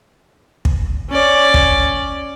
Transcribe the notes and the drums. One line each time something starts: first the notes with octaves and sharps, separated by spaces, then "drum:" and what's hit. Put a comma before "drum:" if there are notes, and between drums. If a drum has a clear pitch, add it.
drum: kick
C#4 D5
drum: kick